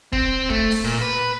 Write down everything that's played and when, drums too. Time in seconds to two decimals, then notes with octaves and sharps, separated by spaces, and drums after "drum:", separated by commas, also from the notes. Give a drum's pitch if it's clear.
0.13 C4, drum: kick
0.50 A3, drum: kick
0.71 drum: open hi-hat
0.84 A#2
1.02 B4